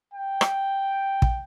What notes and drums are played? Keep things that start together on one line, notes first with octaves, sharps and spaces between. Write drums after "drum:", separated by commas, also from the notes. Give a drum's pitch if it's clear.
G5
drum: rim click
drum: kick